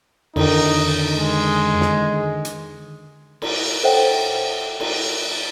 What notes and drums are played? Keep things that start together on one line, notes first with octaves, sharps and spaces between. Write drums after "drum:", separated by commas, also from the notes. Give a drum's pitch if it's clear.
F2 D3 D#3 D#4, drum: cymbal
G#3
drum: snare
drum: hi-hat
drum: cymbal
A4 C5 C#5 E5 F#5 G5
drum: cymbal